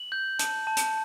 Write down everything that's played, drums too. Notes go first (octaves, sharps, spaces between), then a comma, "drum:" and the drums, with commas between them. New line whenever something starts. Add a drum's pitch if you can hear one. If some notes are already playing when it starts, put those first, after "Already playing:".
Already playing: F#7
G6
A5, drum: hi-hat
A5
drum: hi-hat